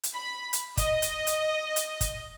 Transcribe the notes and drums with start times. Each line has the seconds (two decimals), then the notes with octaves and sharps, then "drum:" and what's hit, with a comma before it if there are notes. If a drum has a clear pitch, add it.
0.03 drum: hi-hat
0.13 B5
0.53 drum: hi-hat
0.77 D#5, drum: kick, hi-hat
1.02 drum: hi-hat
1.27 drum: hi-hat
1.76 drum: hi-hat
2.01 drum: kick, hi-hat